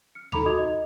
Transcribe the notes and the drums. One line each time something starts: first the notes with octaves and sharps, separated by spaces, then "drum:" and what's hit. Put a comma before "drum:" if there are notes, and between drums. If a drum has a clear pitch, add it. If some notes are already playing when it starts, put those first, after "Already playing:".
F6 C#7
D#4 A4 A#5 B5 D6 F7, drum: tom D2
D#4 F#4 D#5 D#6 G#6 F7
D#5